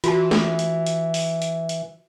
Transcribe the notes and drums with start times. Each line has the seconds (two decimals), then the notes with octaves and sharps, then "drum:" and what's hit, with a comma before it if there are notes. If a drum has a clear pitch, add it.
0.04 E3 F4 F#4 A5, drum: hi-hat
0.31 drum: snare
0.59 drum: hi-hat
0.86 drum: hi-hat
1.14 drum: open hi-hat
1.42 drum: hi-hat
1.69 drum: hi-hat